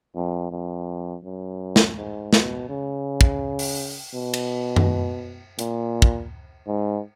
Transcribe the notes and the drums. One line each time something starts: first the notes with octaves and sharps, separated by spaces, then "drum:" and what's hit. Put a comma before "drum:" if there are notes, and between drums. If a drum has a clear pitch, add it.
F2
F2
F#2
drum: snare
G#2
B2, drum: snare
C#3
drum: kick
drum: open hi-hat
B2
drum: cymbal
drum: tom F#2
A#2, drum: hi-hat
drum: kick
G#2